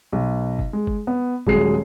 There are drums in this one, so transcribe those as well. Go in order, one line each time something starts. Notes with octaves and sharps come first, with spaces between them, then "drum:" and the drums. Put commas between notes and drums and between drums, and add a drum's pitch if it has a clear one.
B1
drum: kick
G#3
drum: kick
B3
D#1 F#3 G#3 G#4 C7, drum: kick